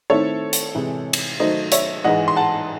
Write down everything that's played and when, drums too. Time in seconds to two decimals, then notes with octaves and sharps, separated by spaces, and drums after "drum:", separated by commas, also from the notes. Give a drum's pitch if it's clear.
0.10 D#3 A3 C4 E4 A4 C#5
0.53 drum: hi-hat
0.75 C3 E3 G#3
1.13 drum: cymbal
1.40 D#3 F#3 A3 D#4 C5 D#5
1.72 C#5 E5, drum: hi-hat
2.04 G#2 E3 G#3 D#5 F#5
2.28 C6
2.36 F#5 A5